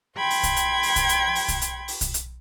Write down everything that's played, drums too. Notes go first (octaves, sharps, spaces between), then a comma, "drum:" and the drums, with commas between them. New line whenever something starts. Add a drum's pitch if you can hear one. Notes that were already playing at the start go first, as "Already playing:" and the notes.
G5 B5 C6 G#6
drum: open hi-hat
drum: kick, hi-hat
drum: hi-hat
drum: open hi-hat
drum: kick, hi-hat
drum: hi-hat
drum: open hi-hat
drum: kick, hi-hat
drum: hi-hat
drum: open hi-hat
drum: kick, hi-hat
drum: hi-hat